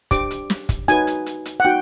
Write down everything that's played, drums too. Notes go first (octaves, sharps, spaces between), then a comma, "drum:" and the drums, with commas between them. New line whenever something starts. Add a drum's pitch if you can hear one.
D4 G4 C5 D6, drum: kick, hi-hat
drum: hi-hat
drum: snare
drum: kick, hi-hat
D#4 F#4 B4 G#5, drum: hi-hat
drum: hi-hat
drum: hi-hat
drum: hi-hat
F#5
D#4 F#4 G5